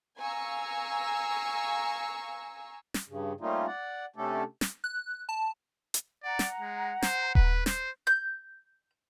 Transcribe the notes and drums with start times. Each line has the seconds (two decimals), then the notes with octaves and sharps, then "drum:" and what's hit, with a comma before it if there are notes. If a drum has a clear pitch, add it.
0.21 F5 G#5 A#5 C#6 E6
2.94 drum: snare
3.08 G2 C#3
3.41 G3 A3 A#3 C#4 D#4 F4
3.67 D5 F#5
4.16 C3 A3 C#4 D4 G4 A4
4.61 drum: snare
4.84 F#6
5.29 A5
5.94 drum: hi-hat
6.23 D5 F#5 A#5
6.39 drum: snare
6.60 G#3
7.02 C5, drum: snare
7.35 B4, drum: kick D#1
7.66 C5, drum: snare
8.07 G6